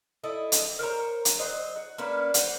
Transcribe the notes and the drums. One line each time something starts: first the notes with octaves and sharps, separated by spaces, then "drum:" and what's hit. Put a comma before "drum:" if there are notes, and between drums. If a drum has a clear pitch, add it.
E4 A4 D#5
drum: hi-hat
A#4 C5 C#5 A#5
drum: hi-hat
F#3 C5 D#5
F#4
A#3 C#4 D4 B4
C5 F#5, drum: hi-hat